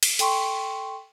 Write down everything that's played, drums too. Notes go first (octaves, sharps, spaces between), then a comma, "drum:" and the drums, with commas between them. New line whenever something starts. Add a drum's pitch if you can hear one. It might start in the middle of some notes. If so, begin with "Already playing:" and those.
drum: cymbal
A4 G5 C6 C#6, drum: hi-hat